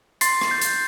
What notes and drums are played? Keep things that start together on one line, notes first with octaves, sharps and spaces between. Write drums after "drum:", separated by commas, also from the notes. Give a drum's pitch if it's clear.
C6 A6 C7, drum: hi-hat
drum: rim click
G6
drum: hi-hat